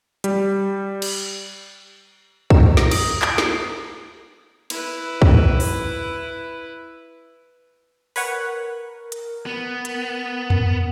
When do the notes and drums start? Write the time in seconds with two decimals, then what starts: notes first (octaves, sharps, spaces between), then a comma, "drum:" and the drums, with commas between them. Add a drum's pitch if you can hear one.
0.24 G3, drum: hi-hat
1.02 drum: cymbal
2.50 A#5, drum: kick
2.77 A#6, drum: snare
2.91 D#6, drum: cymbal
3.22 D7, drum: clap
3.38 C7, drum: snare
4.70 E4 B4, drum: cymbal
5.22 drum: kick
5.60 drum: open hi-hat
8.16 A#4 B4 C#5 F#5, drum: open hi-hat
9.12 drum: hi-hat
9.46 B3
9.85 drum: hi-hat
10.50 drum: tom F2